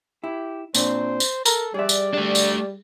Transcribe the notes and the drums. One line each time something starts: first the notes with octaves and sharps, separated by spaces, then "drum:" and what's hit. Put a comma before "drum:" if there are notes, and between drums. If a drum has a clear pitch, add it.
E4 G4
A#2 C4 D4 C5, drum: tambourine
drum: tambourine
A4 A#4 A#5, drum: tambourine
G3 G#4 D5 E5
drum: tambourine
G3 A3 D4
drum: tambourine